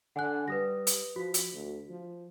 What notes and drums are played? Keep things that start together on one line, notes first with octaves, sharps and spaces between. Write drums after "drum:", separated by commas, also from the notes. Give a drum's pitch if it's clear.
D3 F#5 G#5 F#6
G3 B4 D#6 A#6
drum: hi-hat
F3 F#4 B6
drum: hi-hat
D2
F3